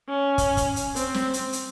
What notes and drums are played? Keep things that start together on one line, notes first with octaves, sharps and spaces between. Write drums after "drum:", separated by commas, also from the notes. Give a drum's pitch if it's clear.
C#4
drum: kick, hi-hat
drum: kick, hi-hat
drum: hi-hat
C4, drum: hi-hat
drum: snare
drum: hi-hat
drum: hi-hat